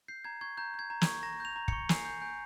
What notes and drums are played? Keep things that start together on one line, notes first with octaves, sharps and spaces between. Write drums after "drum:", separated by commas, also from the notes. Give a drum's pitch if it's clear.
G6 C7
A#5 G#6
C#6 G#6
A#5 G6
G6
G#6
A#5
G#6, drum: snare
C#6
A#5 A#6
G6 F7
A#5
C#6 C#7, drum: kick
G#5 C7, drum: snare
G6
G#5 G6